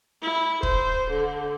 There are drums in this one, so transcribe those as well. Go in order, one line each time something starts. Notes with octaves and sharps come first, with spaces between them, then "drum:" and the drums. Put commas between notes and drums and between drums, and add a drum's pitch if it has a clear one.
E4
C5, drum: kick
D3